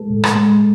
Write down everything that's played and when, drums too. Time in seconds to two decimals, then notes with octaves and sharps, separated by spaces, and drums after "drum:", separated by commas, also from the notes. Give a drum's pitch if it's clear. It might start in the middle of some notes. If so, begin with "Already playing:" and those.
Already playing: G#3 A4
0.10 A2
0.24 drum: rim click
0.35 G#3